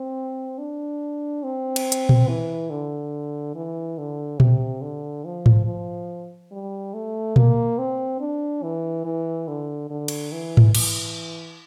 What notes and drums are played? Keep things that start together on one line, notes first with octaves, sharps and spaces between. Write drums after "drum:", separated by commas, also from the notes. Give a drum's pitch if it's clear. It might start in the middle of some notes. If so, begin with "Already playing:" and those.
Already playing: C4
D4
C4
drum: cymbal
drum: hi-hat
drum: tom A#2
E3
D3
E3
D3
C3, drum: tom A#2
D3
F3
drum: tom G#2
F3
G3
A3
A#3, drum: tom A#2
C4
D4
E3
E3
D3
D3
drum: cymbal
E3
drum: tom G#2
E3, drum: cymbal